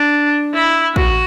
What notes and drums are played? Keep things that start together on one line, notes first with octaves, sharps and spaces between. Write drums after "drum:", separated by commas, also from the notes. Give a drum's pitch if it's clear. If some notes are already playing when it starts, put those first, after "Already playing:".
Already playing: D4
E4
F#4, drum: kick